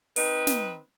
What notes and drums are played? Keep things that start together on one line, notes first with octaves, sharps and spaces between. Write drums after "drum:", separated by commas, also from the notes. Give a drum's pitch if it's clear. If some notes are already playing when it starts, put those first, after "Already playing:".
C4 D#4 B4, drum: open hi-hat
drum: snare